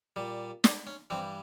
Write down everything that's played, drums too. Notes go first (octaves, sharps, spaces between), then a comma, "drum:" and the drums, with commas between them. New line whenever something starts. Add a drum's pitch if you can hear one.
A#2 G3
D4, drum: snare
C#4
G2 E3 G3 C4